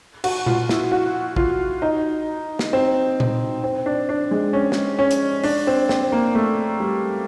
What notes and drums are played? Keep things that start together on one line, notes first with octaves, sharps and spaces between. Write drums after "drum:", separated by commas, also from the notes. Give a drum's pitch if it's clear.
F#4, drum: cymbal
F4, drum: tom A#2
E4, drum: snare
F#4
F4, drum: kick
D#4
drum: snare
C4
drum: tom A#2
C4
D4
D4
G#3
C#4
drum: snare
C#4
drum: hi-hat
D4, drum: open hi-hat
C4
C4, drum: snare
A#3
A3
G3